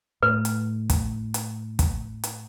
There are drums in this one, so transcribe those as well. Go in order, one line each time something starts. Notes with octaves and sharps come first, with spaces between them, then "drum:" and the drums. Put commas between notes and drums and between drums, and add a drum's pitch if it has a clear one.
A2 B4
drum: hi-hat
drum: kick, hi-hat
drum: hi-hat
drum: kick, hi-hat
drum: hi-hat